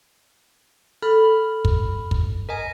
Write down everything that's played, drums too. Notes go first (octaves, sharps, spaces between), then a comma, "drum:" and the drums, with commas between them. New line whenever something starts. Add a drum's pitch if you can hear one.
A4 B5 F6
drum: kick
drum: kick
A#4 D#5 G#5